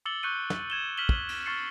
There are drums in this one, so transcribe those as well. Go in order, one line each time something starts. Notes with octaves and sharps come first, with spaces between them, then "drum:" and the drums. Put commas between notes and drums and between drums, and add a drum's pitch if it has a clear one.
D6 E6 A6 C#7 F#7 G7
C#6 F#6 G6 C#7 D#7 G7
drum: snare
G#6 E7 G7
F6 B6 D#7 E7 F#7 G7
drum: kick
drum: cymbal
C#6 F6 A6 C7 C#7